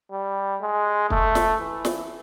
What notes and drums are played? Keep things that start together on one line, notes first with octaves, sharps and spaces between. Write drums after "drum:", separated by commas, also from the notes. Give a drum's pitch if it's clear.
G3
G#3
A3, drum: kick
drum: snare
E3
drum: snare